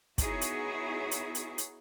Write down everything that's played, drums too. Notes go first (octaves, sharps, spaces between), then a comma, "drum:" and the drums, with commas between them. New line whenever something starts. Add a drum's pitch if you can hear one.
B3 D#4 E4 F#4 G#4 C#5, drum: kick, hi-hat
drum: hi-hat
drum: hi-hat
drum: hi-hat
drum: hi-hat